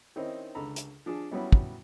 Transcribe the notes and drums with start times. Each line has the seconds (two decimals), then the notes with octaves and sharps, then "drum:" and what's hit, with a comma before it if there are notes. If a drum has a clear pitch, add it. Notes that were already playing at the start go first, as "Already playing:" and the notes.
0.16 D#3 C4 C#4 D#4 E4 C5
0.55 C#2 D3 A4 A#5 B5
0.76 drum: hi-hat
1.06 F3 D4 G#4
1.31 F#3 G3 B3 C#4 E4 F#4
1.52 drum: kick